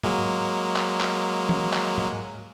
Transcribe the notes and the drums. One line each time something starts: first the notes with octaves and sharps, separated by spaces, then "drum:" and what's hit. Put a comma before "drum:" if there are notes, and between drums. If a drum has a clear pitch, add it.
F#3 G#3 A#3, drum: tom G#2
drum: clap
drum: clap
drum: tom E3
drum: clap
drum: tom G#2